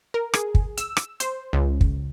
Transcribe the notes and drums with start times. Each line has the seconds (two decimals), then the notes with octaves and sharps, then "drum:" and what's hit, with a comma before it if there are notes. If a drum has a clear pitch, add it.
0.14 A#4
0.34 G#4, drum: rim click
0.55 drum: kick
0.78 E6, drum: hi-hat
0.97 drum: rim click
1.20 C5, drum: hi-hat
1.53 C#2
1.81 drum: kick